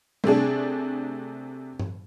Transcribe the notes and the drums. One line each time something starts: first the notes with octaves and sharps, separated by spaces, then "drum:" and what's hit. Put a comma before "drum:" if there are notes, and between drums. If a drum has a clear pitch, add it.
C3 A3 D4 G#4, drum: tom G3
drum: tom G2